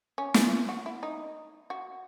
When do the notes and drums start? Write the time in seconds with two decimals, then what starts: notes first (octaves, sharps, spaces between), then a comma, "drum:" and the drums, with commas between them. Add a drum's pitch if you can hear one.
0.18 C#4
0.34 drum: snare
0.69 F#4
0.86 E4
1.03 D#4
1.70 F#4